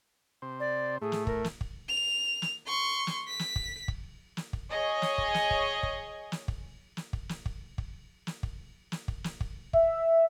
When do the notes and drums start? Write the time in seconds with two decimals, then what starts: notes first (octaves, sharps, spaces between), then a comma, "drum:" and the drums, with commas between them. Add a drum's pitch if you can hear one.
0.42 C3 C5
0.60 D5
1.02 A2 A3 G#4
1.12 drum: snare
1.27 A#4, drum: kick
1.44 drum: snare
1.61 drum: kick
1.89 F7
2.42 drum: snare
2.67 C6 C#6
3.07 drum: snare
3.28 B6
3.39 drum: snare
3.56 drum: kick
3.88 drum: kick
4.37 drum: snare
4.53 drum: kick
4.69 G#4 C#5 D#5
5.02 drum: snare
5.18 drum: kick
5.34 drum: snare
5.51 drum: kick
5.83 drum: kick
6.32 drum: snare
6.48 drum: kick
6.97 drum: snare
7.13 drum: kick
7.29 drum: snare
7.46 drum: kick
7.78 drum: kick
8.27 drum: snare
8.43 drum: kick
8.92 drum: snare
9.08 drum: kick
9.24 drum: snare
9.41 drum: kick
9.73 E5, drum: kick